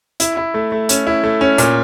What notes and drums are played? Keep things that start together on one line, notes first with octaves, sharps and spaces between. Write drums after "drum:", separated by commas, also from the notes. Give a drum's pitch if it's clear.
E4, drum: hi-hat
E4
A3
A3
C#4, drum: hi-hat
E4
A3
C#4
A#2, drum: hi-hat